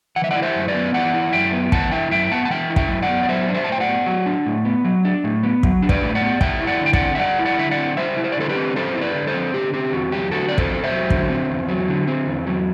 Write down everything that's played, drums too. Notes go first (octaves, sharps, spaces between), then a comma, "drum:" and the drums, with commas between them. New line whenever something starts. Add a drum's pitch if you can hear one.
E3 F#5
E5
E4 D5 F#5
C5 E5
F#2
B4 D5
B3
E3 D5 F#5
E4
F#2 E5 G5
B3
E3 F#5 A5, drum: kick
E4 E5 G5
F#2 E5 G5
B3 F#5 A5
A5
E3 E5 G5
E4
E5 G5, drum: kick
F#2
D5 F#5
B3
D5
F#3 C5 E5
D4
C5 E5
A5
A2 G5
D5 F#5
B3
F#3
D4
A2
B3
F#3
D4
A2
B3
F#3, drum: kick
D4
B4 D5, drum: kick
A2
D5 F#5
B3
G3 E5 G5, drum: kick
E4
D5 F#5
D3
G5
D5 F#5, drum: kick
C4
E5
G3 D5 F#5
E4
D5 F#5
D3 E5
D5 F#5
C4
G3 C5 E5
E4
C5
D5
D3 A4 C5
G4 B4
C4
G3 A4 C5
E4
B4 D5
D3
A4 C5
C4
D3 G4
C4 G4
E2 F#4
F#3 G4
D3 F#4 A4
C4 D5
A4 C5, drum: kick
E2
C5 E5
F#3
D3, drum: kick
C4
E2
F#3
D3
C4
E2
F#3